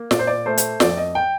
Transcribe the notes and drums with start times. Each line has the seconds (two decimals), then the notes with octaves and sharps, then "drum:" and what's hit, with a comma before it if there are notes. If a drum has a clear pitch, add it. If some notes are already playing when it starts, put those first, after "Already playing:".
Already playing: A#3
0.11 A#2 D5, drum: snare
0.19 C5
0.27 D5
0.46 A3 C5
0.58 drum: hi-hat
0.80 F2 D5, drum: snare
0.97 D#5
1.15 G5